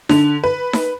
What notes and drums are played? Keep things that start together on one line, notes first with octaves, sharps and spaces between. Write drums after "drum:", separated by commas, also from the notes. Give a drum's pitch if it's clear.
D3, drum: snare D#4
B4
drum: snare D#4